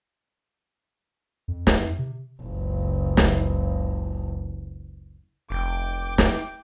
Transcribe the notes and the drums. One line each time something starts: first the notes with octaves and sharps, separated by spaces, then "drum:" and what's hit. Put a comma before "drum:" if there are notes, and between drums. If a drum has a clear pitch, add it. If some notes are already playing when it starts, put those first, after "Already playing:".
F2
drum: snare
C3
F#1 C#2
drum: snare
F1 G5 D6
drum: snare